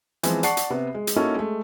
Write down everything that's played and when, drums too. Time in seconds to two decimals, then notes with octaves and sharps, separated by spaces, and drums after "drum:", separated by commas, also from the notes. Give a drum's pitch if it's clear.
0.23 E3 F3 G#3 B3 C4, drum: hi-hat
0.43 D5 F#5 A5 C#6 C7, drum: hi-hat
0.57 drum: hi-hat
0.70 C3 B3
0.94 G#3
1.07 drum: hi-hat
1.16 A#3 C#4 D#4 E4 F#4 A4
1.36 G#3 A3